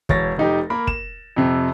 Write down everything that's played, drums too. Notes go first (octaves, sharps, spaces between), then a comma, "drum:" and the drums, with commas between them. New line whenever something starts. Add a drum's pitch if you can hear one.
E1 C#5 A6 A#6, drum: kick
F1 D#4 G4
A#3 A#4 B5
E7, drum: kick
F2 C3